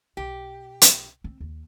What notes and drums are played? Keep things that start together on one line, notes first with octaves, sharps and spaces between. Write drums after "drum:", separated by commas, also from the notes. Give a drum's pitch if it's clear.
B1 G4
drum: hi-hat
C4
D#2